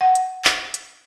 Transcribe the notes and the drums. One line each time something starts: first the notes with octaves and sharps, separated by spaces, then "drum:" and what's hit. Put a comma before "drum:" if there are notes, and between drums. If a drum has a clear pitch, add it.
F#5
drum: hi-hat
drum: clap
drum: hi-hat